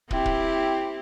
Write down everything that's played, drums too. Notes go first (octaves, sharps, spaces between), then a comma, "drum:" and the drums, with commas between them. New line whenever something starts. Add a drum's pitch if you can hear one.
C4 E4 G4, drum: kick
drum: kick